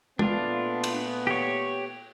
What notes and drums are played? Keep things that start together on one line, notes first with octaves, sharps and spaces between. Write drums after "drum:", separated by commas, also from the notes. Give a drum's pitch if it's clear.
A#2 A3 B3 D4 F4, drum: tom
drum: cymbal
G4 C#5